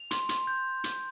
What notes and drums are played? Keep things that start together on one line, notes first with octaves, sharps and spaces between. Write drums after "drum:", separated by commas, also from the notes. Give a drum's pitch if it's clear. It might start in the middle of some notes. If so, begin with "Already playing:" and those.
Already playing: F7
C6, drum: hi-hat
C6, drum: hi-hat
G6
drum: hi-hat